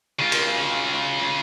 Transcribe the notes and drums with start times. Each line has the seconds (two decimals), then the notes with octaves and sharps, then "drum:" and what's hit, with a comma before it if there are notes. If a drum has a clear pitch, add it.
0.19 C#3 F4
0.32 drum: cymbal